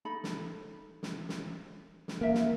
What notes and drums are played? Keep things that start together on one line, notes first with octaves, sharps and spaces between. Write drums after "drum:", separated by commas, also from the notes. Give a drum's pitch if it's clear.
D#4 A4 B5
drum: snare
drum: snare
drum: snare
drum: snare
A#3 A#4 E5
drum: snare